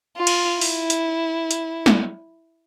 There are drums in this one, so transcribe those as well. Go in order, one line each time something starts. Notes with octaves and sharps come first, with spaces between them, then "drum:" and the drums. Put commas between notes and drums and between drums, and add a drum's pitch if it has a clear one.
F4
drum: cymbal
E4, drum: open hi-hat
drum: hi-hat
drum: hi-hat
drum: snare